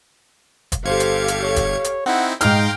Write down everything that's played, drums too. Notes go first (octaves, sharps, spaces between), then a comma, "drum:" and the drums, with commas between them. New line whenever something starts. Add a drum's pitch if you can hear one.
drum: kick, hi-hat
G1 G4 A4 C5 F5 G#6 C#7
drum: hi-hat
drum: hi-hat
C#5
drum: kick, hi-hat
drum: hi-hat
C4 D#4 E4 F#5
G#2 D#4 F5 G5 A#5 C6 F6, drum: hi-hat